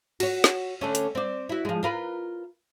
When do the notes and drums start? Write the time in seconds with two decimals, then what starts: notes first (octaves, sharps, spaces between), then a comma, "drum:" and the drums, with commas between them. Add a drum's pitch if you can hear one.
0.20 F#4 C#5, drum: cymbal
0.44 drum: snare
0.81 D3 A3 C#4
0.95 drum: hi-hat
1.15 C4 D5
1.49 E4 F#4
1.65 F3 G#3
1.83 F4 A#4 B4